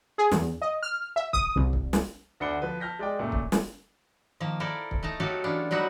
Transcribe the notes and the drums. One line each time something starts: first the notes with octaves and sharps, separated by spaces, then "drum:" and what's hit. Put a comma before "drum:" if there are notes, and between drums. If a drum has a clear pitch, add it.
G#4
E2, drum: snare
D#5
F6
E5
D#6, drum: kick
C2
drum: kick
drum: snare
D2 D4 F#5 B5 C#7 G7
F3 B4
A5 F6 G6 A#6 B6
G#3 D5 G5
F#2 A#2 A3
drum: kick
drum: snare
D#3 F3 A#3
E4 A4 A#4 C5 D5 F5
drum: kick
A3 D#4 A5 A#5
F#3 A3 F#4 G4 A4 F5
E3 B3 C#4 D4 F4
F#3 G3 D#4 F#4 B4 E5